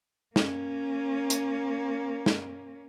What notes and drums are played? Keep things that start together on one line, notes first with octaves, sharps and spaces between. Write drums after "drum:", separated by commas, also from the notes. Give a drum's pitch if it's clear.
A#3 C#4, drum: snare
drum: hi-hat
drum: snare